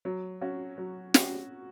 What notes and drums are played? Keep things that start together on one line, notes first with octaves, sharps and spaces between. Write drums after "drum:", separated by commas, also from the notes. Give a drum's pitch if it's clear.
F#3
C#4 F#4
F#3
C#4 F#4, drum: snare